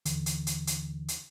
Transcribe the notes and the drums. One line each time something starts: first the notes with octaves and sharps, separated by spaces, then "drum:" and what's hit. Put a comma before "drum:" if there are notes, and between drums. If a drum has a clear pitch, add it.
D#2 D3 E3, drum: hi-hat
drum: hi-hat
drum: hi-hat
drum: hi-hat
drum: hi-hat